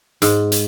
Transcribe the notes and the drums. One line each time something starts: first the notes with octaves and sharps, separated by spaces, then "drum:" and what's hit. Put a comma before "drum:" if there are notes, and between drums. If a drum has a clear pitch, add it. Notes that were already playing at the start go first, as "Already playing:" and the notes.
G#2, drum: hi-hat
drum: hi-hat